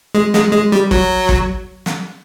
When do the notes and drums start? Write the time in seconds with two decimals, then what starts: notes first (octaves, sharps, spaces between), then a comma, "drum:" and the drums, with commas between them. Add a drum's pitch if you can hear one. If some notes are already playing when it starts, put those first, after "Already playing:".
0.15 G#3
0.34 G#3, drum: snare
0.53 G#3
0.72 G3
0.91 F#3, drum: kick
1.29 drum: kick
1.86 drum: snare